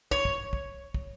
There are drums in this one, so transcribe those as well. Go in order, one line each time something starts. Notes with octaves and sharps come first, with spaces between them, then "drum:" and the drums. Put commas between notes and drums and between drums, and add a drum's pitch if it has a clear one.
C#5, drum: kick
drum: kick
drum: kick
drum: kick